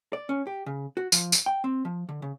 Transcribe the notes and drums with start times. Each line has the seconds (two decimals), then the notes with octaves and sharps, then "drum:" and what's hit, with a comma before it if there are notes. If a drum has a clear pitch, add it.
0.13 D5
0.29 C#4
0.47 G4
0.66 C#3
0.97 F#4
1.12 F3, drum: tambourine
1.32 drum: tambourine
1.46 G5
1.64 C4
1.85 F3
2.09 D3
2.22 C#3